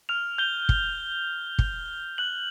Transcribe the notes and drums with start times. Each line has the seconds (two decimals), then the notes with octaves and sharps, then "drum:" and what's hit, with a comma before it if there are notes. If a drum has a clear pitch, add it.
0.09 F6 F7
0.38 G6 G7
0.69 drum: kick
1.59 drum: kick
2.18 F#6 F#7